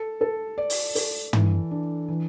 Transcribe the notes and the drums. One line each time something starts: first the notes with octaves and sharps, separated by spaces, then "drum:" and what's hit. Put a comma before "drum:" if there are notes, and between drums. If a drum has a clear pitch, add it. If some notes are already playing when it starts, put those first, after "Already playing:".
Already playing: A4
A4
D5
drum: open hi-hat
A4, drum: open hi-hat
E3, drum: tom
D4
E3